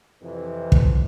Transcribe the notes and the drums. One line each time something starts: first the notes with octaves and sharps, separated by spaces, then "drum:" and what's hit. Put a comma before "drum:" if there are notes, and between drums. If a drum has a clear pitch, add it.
F2 C3 E3
drum: kick